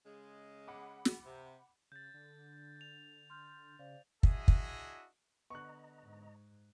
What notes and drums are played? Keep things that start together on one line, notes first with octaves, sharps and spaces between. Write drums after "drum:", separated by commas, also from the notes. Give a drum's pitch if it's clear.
C#3 G#3
F#5 B5 D6
drum: snare
C3
C#3 G6 A6
D3
F7
C6 F6 G6
C#3 C5 D5 F5
D4 E4 F#4 G#4 D#5 E5, drum: kick
drum: kick
D3 B3 D#5 A#5 C#6 F#6
G#2